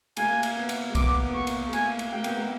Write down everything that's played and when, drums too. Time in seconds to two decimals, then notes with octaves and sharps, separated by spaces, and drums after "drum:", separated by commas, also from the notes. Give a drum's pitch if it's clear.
0.17 A#3 G#5, drum: cymbal
0.43 drum: cymbal
0.56 B3
0.69 drum: cymbal
0.90 A#3
0.95 B3 D6, drum: kick B1, cymbal
1.25 B3
1.34 A#3 C#6
1.47 drum: cymbal
1.67 A3
1.73 A#3 G#5, drum: cymbal
1.99 drum: cymbal
2.12 A#3 G5
2.24 B3, drum: cymbal
2.37 A#3